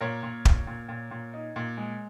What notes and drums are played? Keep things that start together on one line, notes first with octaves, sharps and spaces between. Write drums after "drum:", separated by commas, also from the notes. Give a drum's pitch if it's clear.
A#2 A#4 C#5
A#2
A#2, drum: kick
A#2
A#2
A#2
D#4
A#2
G#3